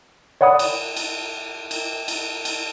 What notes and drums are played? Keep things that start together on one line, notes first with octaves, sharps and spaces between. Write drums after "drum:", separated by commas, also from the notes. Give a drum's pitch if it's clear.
C#5 D5 F#5 B5 D#6
drum: cymbal
drum: cymbal
drum: cymbal
drum: cymbal
drum: cymbal